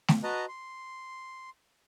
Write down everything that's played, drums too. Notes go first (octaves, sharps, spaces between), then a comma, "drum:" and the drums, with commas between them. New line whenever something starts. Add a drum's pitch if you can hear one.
drum: snare A3
F#4 B4 D#5 A5 A#5
C6